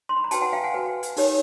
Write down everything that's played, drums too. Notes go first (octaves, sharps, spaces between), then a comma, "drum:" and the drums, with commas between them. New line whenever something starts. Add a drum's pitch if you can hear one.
C6
B5
A#5
F#4 B4 G5 A5, drum: hi-hat
F#5 G#5
F5 G5
F#5 G#5
F#4 B4
drum: hi-hat
D#4 G4 A#4 C#5, drum: open hi-hat